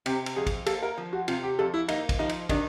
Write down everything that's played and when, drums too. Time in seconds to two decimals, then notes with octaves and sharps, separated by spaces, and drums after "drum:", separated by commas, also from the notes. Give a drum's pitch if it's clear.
0.06 C3 G4, drum: cymbal
0.26 drum: cymbal
0.36 F2 G#4
0.47 drum: kick, cymbal
0.66 A#3 A4, drum: cymbal
0.83 A#4
0.98 F3
1.13 F#4
1.28 C3 F4, drum: cymbal
1.43 G4
1.59 F2 A4
1.74 E4
1.88 A#3 D#4, drum: cymbal
2.09 drum: kick, cymbal
2.19 F3 D#4
2.29 drum: cymbal
2.49 D#3 D4, drum: kick, cymbal